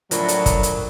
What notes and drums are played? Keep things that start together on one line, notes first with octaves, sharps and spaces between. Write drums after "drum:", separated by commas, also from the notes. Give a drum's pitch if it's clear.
A2 F3 F#3 D4 A#4 B5, drum: hi-hat
drum: hi-hat
drum: kick, hi-hat
drum: hi-hat